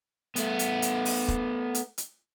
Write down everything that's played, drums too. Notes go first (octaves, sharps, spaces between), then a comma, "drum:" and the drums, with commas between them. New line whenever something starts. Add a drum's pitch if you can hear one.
A3 B3, drum: hi-hat
drum: hi-hat
drum: hi-hat
drum: open hi-hat
drum: kick E1
drum: hi-hat
drum: hi-hat